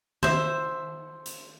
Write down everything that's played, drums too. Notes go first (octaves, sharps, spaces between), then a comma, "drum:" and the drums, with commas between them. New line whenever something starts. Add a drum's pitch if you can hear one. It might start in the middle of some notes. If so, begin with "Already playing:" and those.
C5 E5, drum: tom D#3
drum: hi-hat